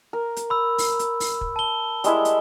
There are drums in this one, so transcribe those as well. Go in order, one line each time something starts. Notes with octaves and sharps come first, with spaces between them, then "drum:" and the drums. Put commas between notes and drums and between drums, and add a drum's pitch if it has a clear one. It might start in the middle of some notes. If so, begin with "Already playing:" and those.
A#4
drum: hi-hat
B5 E6
drum: open hi-hat
drum: hi-hat
drum: open hi-hat
drum: kick
A5 G7
G3 G#3 E4, drum: hi-hat
drum: hi-hat